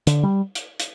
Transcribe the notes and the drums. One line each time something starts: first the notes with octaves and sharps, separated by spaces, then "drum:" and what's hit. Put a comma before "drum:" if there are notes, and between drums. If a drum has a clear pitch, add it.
D3, drum: hi-hat
G3
drum: hi-hat
drum: hi-hat